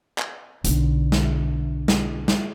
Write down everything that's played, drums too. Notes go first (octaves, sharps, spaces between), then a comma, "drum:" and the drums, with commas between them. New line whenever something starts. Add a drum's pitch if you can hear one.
drum: clap
B1 D3, drum: hi-hat
drum: snare
drum: snare
drum: snare